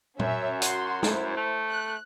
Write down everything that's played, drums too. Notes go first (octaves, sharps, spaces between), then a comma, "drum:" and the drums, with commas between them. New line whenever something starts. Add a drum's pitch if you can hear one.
F#2 C#4 E5, drum: tom
F#4 C6, drum: hi-hat
E4 C5, drum: snare
A3
F#6